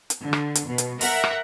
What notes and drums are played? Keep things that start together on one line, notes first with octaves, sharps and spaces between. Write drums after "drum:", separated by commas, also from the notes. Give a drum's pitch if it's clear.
drum: hi-hat
D3
drum: rim click
drum: hi-hat
B2
drum: hi-hat
A#4 E5 F#5, drum: open hi-hat
drum: rim click